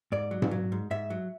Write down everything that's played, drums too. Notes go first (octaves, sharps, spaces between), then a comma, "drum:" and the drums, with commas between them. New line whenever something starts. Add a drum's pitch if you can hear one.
G#2 D5
F#3
drum: tom G#2
F#3
G#2
G#2 E5
F#3